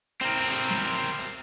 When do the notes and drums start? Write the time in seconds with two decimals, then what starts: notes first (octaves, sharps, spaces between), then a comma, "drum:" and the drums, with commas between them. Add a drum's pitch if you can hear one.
0.21 C4 A#4, drum: hi-hat
0.45 drum: open hi-hat
0.70 drum: snare
0.94 drum: hi-hat
1.19 drum: hi-hat